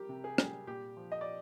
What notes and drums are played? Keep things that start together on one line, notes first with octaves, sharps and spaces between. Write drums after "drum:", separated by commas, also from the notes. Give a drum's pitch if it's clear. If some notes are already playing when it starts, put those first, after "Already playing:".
Already playing: G3 G4 A#4
C3
G#4
G3, drum: rim click
A#2 G4
F3
D#5
D5